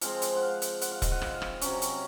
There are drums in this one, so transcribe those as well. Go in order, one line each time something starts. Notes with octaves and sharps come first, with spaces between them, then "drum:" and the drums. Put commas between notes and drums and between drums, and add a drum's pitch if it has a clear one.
F3 G#3 C4 F5, drum: hi-hat
drum: hi-hat
F#5
F5
drum: hi-hat
F#5, drum: hi-hat
F5
D#5, drum: kick E1, hi-hat
F#5
F5, drum: rim click
drum: rim click
C3 F#3 C#4, drum: hi-hat
drum: hi-hat